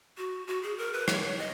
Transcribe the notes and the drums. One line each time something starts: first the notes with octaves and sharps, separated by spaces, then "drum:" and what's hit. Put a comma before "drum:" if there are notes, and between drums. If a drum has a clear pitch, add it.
F#4
F#4
G#4
A#4
B4
C#5, drum: rim click
D#5